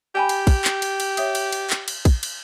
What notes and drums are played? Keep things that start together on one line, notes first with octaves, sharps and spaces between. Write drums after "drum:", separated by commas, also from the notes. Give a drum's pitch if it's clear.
G4 G5 G#5 B5
drum: cymbal
drum: kick, cymbal
drum: clap
drum: cymbal
drum: cymbal
C#5 E5 D#6, drum: cymbal
drum: cymbal
drum: cymbal
drum: clap
drum: cymbal
drum: kick, cymbal
drum: cymbal